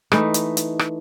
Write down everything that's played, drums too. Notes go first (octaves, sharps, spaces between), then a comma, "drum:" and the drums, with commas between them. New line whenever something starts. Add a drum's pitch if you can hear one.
E3 A3 D#4, drum: rim click
drum: hi-hat
drum: hi-hat
drum: rim click